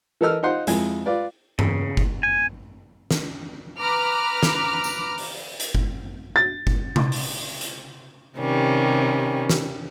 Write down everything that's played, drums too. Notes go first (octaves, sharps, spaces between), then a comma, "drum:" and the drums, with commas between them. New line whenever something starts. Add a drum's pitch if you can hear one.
E3 A4 A#4 D#5 E6 F6
D#4 F4 C5 F#5 C6
F2 G#3 E4 G#5, drum: hi-hat
F4 B4 D5
C#3, drum: tom G2
drum: kick F#1
G#5
drum: snare
B4 A#5 D6 F6
drum: snare
drum: tambourine
drum: open hi-hat
drum: hi-hat
drum: kick F#1
A6
drum: kick F#1
drum: tom C3
drum: open hi-hat
drum: hi-hat
C3 D#3 G3 C#4
drum: snare